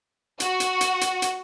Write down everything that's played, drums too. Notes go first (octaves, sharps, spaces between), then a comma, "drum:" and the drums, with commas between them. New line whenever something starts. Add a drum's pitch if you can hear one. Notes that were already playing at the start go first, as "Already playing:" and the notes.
F#4, drum: hi-hat
drum: hi-hat
drum: hi-hat
drum: hi-hat
drum: hi-hat